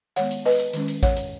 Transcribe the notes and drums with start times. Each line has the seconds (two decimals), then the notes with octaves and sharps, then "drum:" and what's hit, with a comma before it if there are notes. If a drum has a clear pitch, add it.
0.16 D#3 G#3 B3 C#5 F#5, drum: hi-hat
0.31 drum: hi-hat
0.45 B4 D#5, drum: open hi-hat
0.60 drum: hi-hat
0.73 D#3 G#3 C#4, drum: hi-hat
0.88 drum: hi-hat
1.03 C#5 F#5, drum: kick A1, hi-hat
1.17 drum: hi-hat